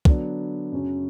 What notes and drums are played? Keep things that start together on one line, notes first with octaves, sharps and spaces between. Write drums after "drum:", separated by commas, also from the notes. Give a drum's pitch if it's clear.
D3 F#3 B3 D4, drum: kick
F#2 C#3 F#3 C#4